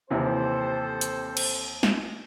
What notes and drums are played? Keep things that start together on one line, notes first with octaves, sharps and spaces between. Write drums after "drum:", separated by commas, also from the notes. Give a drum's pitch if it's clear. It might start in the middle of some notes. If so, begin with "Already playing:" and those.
D#2 C3 E3 C4 A4 C5
drum: hi-hat
drum: cymbal
drum: snare